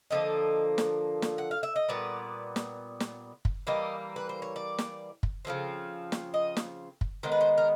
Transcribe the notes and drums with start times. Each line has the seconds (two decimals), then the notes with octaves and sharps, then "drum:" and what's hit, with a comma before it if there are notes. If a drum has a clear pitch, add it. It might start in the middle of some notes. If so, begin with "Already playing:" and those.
0.11 D3 F3 A#3 D#5
0.78 drum: snare
1.22 drum: snare
1.38 F#5
1.51 F5
1.63 E5
1.76 D#5
1.89 A#2 G3 B3 D5
2.56 drum: snare
3.00 drum: snare
3.45 drum: kick
3.67 E3 G3 A#3 D#5
4.16 B4
4.29 C5
4.42 C#5
4.56 D5
4.78 drum: snare
5.23 drum: kick
5.45 C#3 F3 A3 C4
6.12 drum: snare
6.34 D#5
6.57 drum: snare
7.01 drum: kick
7.23 D#3 G#3 B3 C5
7.32 B4
7.41 C5
7.57 A#4